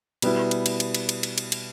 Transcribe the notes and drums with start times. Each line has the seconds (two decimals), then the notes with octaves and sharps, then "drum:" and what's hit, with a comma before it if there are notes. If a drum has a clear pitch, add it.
0.22 B2 G3 B3 E4, drum: cymbal
0.51 drum: cymbal
0.66 drum: cymbal
0.80 drum: cymbal
0.94 drum: cymbal
1.09 drum: cymbal
1.23 drum: cymbal
1.38 drum: cymbal
1.52 drum: cymbal